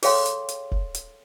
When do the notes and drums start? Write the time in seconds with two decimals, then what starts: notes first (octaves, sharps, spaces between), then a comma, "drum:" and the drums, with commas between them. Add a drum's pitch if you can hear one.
0.03 G#4 A4 C#5 F5 G5 C6, drum: open hi-hat
0.26 drum: hi-hat
0.49 drum: hi-hat
0.72 drum: kick F1
0.95 drum: hi-hat